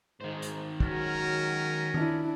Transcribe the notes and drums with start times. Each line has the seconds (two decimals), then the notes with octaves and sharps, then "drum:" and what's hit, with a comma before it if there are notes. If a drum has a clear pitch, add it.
0.21 G#2 D#3 C5
0.42 drum: hi-hat
0.80 F#3 G#3 C#4 F#4 A#4, drum: kick
1.94 D4 E4, drum: tom D#3